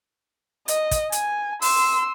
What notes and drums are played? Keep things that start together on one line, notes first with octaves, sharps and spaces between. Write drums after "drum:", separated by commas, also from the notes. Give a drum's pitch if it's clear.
D#5, drum: hi-hat
drum: kick, hi-hat
G#5, drum: hi-hat
C6 E6, drum: open hi-hat